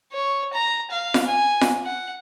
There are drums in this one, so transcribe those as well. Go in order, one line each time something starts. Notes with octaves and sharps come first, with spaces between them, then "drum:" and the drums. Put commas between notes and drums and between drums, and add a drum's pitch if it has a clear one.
C#5
A#5
F5
drum: snare F4
G#5
drum: snare F4
F#5